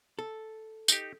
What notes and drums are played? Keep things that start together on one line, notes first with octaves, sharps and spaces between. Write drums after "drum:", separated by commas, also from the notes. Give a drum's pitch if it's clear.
A4
D#4 G4, drum: tambourine